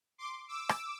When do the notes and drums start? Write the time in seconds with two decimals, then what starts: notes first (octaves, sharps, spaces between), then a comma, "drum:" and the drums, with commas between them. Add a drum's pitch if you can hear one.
0.18 C6 D6
0.48 D6 E6
0.69 drum: rim click